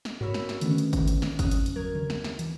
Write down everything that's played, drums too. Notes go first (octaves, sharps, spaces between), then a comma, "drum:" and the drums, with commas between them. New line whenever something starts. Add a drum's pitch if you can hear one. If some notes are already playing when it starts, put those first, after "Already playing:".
drum: snare
F#4 A#4 C#5 B5 E6, drum: tom G2
drum: snare
drum: snare
D3 D#3 A3 B3 C#4, drum: hi-hat
drum: hi-hat
drum: kick G#1, hi-hat
drum: hi-hat
drum: snare
F2 C#3 C#4 D#6 F#6, drum: kick G#1, hi-hat
drum: hi-hat
drum: hi-hat
D2 F#3 A#4 G#6
drum: tom C#3
drum: snare
drum: snare
E3, drum: hi-hat